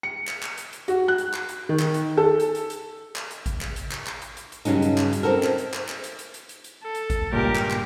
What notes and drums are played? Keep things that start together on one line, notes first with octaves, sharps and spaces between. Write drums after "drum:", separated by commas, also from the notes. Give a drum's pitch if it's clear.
C#7
drum: clap
drum: clap
drum: hi-hat
drum: hi-hat
F#4, drum: hi-hat
F#6
drum: hi-hat
drum: clap
drum: hi-hat
D#3
drum: clap
drum: hi-hat
A4
drum: hi-hat
drum: hi-hat
drum: hi-hat
drum: clap
drum: hi-hat
drum: kick G#1, hi-hat
drum: clap
drum: hi-hat
drum: clap
drum: clap
drum: hi-hat
drum: hi-hat
drum: hi-hat
G2 C#3 F#3 C#4 D#4, drum: hi-hat
drum: hi-hat
drum: clap
drum: hi-hat
C4 D#4 F#4 A4 A#4
drum: clap
drum: hi-hat
drum: clap
drum: clap
drum: hi-hat
drum: hi-hat
drum: hi-hat
drum: hi-hat
drum: hi-hat
A4
drum: hi-hat
drum: kick G#1, hi-hat
C#2 G2 A#2 G4 A#4
drum: clap
drum: clap